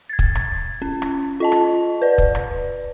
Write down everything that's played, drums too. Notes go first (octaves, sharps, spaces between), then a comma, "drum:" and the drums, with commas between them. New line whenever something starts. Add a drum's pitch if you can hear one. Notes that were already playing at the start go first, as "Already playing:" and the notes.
G#6 A6
drum: kick
drum: rim click
C#4
drum: rim click
F4 D#5 A5
drum: rim click
B4 D5
drum: kick
drum: rim click